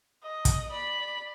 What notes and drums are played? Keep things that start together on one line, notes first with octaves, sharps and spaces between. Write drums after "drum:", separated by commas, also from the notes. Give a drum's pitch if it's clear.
D#5
drum: kick, hi-hat
D5 B5